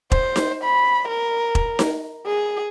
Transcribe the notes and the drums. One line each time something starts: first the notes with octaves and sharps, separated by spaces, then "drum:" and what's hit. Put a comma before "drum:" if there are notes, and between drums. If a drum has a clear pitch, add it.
C5, drum: kick E1
drum: snare D#4
B5
A#4
drum: kick E1
drum: snare D#4
G#4